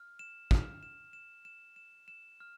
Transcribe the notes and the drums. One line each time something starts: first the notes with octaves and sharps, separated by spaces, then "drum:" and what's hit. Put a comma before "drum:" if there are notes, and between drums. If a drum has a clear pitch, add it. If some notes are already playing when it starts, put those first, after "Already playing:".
Already playing: F6
E7
F6, drum: kick
E7
E7
E7
E7
E7
F6